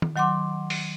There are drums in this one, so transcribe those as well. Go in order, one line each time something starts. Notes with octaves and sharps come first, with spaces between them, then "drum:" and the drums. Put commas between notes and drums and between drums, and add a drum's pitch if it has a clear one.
drum: tom D#3
D#3 F#3 F#5 C6 D6
drum: open hi-hat